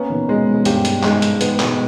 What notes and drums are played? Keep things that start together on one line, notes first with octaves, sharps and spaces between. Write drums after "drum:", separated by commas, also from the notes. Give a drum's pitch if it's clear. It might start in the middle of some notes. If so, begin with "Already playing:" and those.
Already playing: A#3 B3 C#4
B2 D#3
G#2 B2 G#3
G#2
G2 G4, drum: hi-hat
drum: hi-hat
G#2 G#3, drum: clap
drum: hi-hat
G#2 B3, drum: hi-hat
G#2 B2, drum: clap